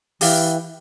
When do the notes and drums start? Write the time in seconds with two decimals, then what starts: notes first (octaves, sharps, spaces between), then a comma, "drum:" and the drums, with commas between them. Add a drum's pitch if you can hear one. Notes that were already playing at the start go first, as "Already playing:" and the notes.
0.21 E3 G4 F5 G5, drum: open hi-hat